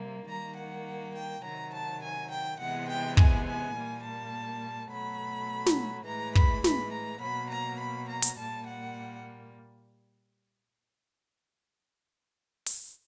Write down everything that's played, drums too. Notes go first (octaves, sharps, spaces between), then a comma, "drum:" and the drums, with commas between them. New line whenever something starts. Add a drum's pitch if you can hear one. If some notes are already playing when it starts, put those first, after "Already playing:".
Already playing: C3 G3 A#3
D#3 G3 A#3 A#5
F#5
G5
C3 D#3 F#3 A#5
A5
G#5
G5
C3 E3 G#3 B3 F#5
G5
G#5, drum: kick
G#5
A#2 G3 A#3
A5
B2 F#3 A3 B5
drum: snare
A2 E3 G#3 A#5
B5, drum: kick
B5, drum: snare
A#5
B2 F#3 A#3 B5
A#5
B5
A#5
drum: hi-hat
A#2 G3 A#3 A5
F#5
drum: open hi-hat